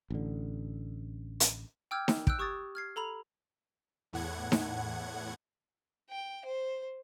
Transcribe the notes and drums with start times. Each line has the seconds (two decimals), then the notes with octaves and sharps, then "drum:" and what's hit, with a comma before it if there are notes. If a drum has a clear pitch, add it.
0.10 A1 D3
1.40 drum: hi-hat
1.91 G5 D6 E6 F6 G6 G#6
2.08 drum: snare D#4
2.27 E6 F#6 G6 D7, drum: kick
2.39 G4 C#6 D#6 G#6 A6
2.75 F6 G#6 C7
2.96 A4 A#5 B5 F7
4.13 E2 A2 F#5 G#6
4.52 drum: snare D#4
6.10 G5
6.45 C5